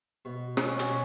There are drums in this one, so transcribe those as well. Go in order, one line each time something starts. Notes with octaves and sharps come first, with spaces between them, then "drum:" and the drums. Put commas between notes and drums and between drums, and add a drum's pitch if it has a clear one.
B2
B2 C#4, drum: rim click
drum: hi-hat
B2